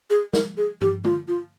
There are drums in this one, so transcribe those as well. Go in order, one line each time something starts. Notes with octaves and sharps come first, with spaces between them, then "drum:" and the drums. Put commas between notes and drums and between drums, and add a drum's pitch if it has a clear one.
G#4
A#4, drum: snare
G#4
G4, drum: tom G2
F4, drum: tom
F4